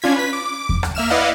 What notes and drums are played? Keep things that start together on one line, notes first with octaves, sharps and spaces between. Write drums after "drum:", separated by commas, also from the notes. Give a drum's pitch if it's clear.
C#4 D4 F4 G#6 B6
B4 B6
D6
drum: kick E2
drum: rim click
A#3 E5 F6 E7
E4 B4 D5 D#5 F5 F#5